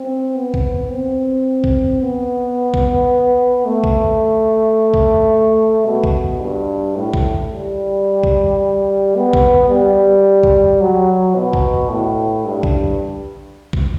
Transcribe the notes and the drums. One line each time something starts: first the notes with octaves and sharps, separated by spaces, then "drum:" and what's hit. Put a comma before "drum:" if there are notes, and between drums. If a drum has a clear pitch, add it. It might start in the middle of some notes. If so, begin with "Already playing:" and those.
Already playing: C4
B3
drum: kick A#1
C4
drum: kick A#1
B3
drum: kick A#1
A3
drum: kick A#1
drum: kick A#1
B2
drum: kick A#1
G2
A2
drum: kick A#1
G3
drum: kick A#1
B3
drum: kick A#1
G3
drum: kick A#1
F#3
B2
drum: kick A#1
A2
G2
drum: kick A#1
drum: kick A#1